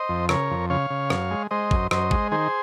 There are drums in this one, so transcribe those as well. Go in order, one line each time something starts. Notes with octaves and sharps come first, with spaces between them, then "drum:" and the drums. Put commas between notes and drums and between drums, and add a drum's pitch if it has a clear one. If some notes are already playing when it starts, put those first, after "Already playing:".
Already playing: C5 D#5
F2
C#3 A#4 C#5, drum: rim click
F2
C#3 C#5 F5
C#3
F#2, drum: rim click
G#3
G#3 C5 D#5
F#2, drum: kick
F#2 C5 D#5, drum: rim click
G#3, drum: kick
D#3 G#4 C5